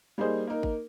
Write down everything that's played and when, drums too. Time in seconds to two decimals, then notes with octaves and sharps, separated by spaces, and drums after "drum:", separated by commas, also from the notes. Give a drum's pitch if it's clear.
0.18 G3 A#3 D#4 G#4 C5
0.47 A#3 D#4 A#4
0.63 drum: kick G#1